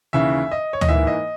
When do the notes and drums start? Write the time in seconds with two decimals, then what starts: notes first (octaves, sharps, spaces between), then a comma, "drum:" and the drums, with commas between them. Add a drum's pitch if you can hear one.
0.13 D#2 C#3 E3 E5
0.51 D#5
0.73 C#5
0.81 D#5, drum: tom
0.89 G#2 E3 A#3 E5
1.07 D#5